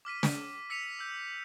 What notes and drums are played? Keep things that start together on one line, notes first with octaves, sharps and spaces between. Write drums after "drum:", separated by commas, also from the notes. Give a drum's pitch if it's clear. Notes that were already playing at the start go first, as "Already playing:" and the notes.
D6 F6 B6 D#7
drum: snare
E6 B6 C#7 D#7 F7
E6 G6